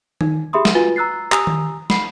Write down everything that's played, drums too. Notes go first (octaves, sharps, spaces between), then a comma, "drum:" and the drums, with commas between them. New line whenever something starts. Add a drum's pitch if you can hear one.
D#4, drum: tom D#3
G4 G#4 E5 B5 C6 D#6
drum: snare
F4 F#4 B4 G#5 A6 G7
A#5 E6 F#6 A6 C7
G4 G#5 A#5 D#6 E6 F7, drum: clap
drum: tom D#3
B5 C7, drum: snare